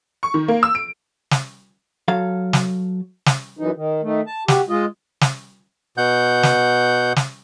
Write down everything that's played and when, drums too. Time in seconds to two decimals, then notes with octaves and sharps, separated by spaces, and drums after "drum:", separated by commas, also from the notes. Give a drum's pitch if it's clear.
0.23 C#6
0.34 D#3
0.48 A#3
0.63 E6
0.75 D7
1.31 drum: snare
2.08 F#3 A4 F5
2.53 drum: snare
3.26 drum: snare
3.59 F#2 E3 D#4
3.76 D#3
4.03 D#3 A3
4.27 A5
4.48 F#4 G4, drum: snare
4.69 G#3 F4 D#5
5.21 drum: snare
5.98 B2 F#5 G6
6.43 drum: snare
7.16 drum: snare